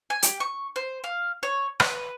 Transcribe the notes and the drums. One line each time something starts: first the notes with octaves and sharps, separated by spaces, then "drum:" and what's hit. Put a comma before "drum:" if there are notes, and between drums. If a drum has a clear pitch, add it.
G#5
G4, drum: hi-hat
C#6
C5
F5
C#5
B4, drum: rim click